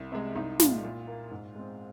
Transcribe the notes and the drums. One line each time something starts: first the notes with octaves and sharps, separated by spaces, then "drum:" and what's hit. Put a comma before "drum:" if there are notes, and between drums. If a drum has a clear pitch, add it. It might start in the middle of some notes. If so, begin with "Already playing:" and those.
Already playing: C2
C3 G#3
C2 D#4
A#2 G#3 F4, drum: snare
A#2
A#3
G#2
G#3 C4